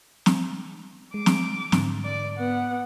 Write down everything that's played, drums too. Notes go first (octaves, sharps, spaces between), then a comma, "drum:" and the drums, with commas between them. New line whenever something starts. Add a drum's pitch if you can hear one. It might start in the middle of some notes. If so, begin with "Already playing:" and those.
drum: snare
G#3 D6
drum: snare
G#2 D3, drum: snare
D5 D6
B3 F#5